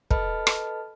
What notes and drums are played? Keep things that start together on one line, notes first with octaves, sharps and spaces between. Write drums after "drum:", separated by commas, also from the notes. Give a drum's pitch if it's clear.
A4 B4 D#5 A5 B5 F6, drum: kick
drum: rim click